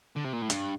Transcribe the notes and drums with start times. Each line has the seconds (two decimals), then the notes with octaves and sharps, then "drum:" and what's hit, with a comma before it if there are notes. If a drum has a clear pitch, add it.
0.16 D3
0.25 C3
0.33 A#2
0.42 A2
0.50 G2, drum: hi-hat